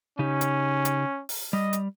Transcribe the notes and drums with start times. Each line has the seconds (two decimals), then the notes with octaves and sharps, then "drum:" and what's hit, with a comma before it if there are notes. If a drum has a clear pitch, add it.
0.19 C#3 C#4 D#4 G4
0.41 drum: hi-hat
0.85 drum: hi-hat
1.29 drum: open hi-hat
1.53 G3 D#5
1.73 drum: hi-hat